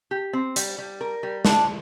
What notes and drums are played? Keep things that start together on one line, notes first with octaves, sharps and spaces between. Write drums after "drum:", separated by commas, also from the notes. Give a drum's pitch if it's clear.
G4
C4
G3, drum: hi-hat
G3
A#4
G3
D4, drum: snare